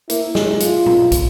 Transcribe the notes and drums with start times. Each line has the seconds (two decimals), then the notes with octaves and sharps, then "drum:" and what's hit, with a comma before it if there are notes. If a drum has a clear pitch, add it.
0.10 A#3 E4, drum: hi-hat
0.35 G#3, drum: snare
0.60 F4, drum: hi-hat
0.86 drum: tom
1.12 drum: kick, hi-hat